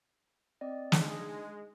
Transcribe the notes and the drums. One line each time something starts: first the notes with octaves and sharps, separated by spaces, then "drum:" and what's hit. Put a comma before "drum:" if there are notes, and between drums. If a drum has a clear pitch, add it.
C4 D5 D#5
G#3 D4 D#4, drum: snare